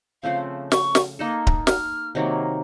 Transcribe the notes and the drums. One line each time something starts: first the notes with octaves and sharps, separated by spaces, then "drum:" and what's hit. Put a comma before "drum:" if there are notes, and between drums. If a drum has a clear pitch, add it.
C#3 F3 A3 C4 F5
C#6, drum: snare
drum: snare
A#3 D#4 A4
drum: kick D1
F6, drum: snare
C3 D#3 F#3 A#3